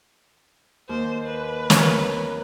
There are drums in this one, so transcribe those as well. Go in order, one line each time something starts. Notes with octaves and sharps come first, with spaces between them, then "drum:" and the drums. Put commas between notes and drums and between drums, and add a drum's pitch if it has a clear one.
D#2 C5
B4
A#4 C#5, drum: snare